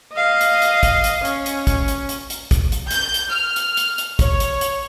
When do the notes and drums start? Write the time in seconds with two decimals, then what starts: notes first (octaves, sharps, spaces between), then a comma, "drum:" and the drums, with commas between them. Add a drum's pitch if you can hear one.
0.14 D#5 F5
0.41 drum: hi-hat
0.62 drum: hi-hat
0.83 drum: kick, hi-hat
1.04 drum: hi-hat
1.25 C#4, drum: hi-hat
1.46 drum: hi-hat
1.67 drum: kick, hi-hat
1.88 drum: hi-hat
2.09 drum: hi-hat
2.30 drum: hi-hat
2.51 drum: kick, hi-hat
2.72 drum: hi-hat
2.91 G6, drum: hi-hat
3.14 drum: hi-hat
3.32 F6
3.56 drum: hi-hat
3.77 drum: hi-hat
3.98 drum: hi-hat
4.19 C#5, drum: kick, hi-hat
4.40 drum: hi-hat
4.61 drum: hi-hat